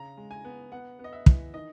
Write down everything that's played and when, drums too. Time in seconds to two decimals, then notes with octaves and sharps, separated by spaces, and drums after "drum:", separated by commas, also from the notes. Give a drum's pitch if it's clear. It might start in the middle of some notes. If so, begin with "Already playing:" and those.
Already playing: C#3 A#5
0.17 G#3
0.31 G#5
0.45 B3
0.72 B3 F#5
0.99 B3
1.04 D#5
1.13 E5
1.26 E3, drum: kick
1.54 D#3 D#5